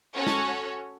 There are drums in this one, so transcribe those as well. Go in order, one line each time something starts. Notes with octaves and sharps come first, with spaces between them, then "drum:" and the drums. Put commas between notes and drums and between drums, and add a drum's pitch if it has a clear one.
C#4 F#4 A4 C#5
drum: snare